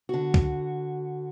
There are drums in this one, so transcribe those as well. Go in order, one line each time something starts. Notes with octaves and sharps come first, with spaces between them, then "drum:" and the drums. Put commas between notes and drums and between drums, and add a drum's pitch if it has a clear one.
D3 F#4
drum: kick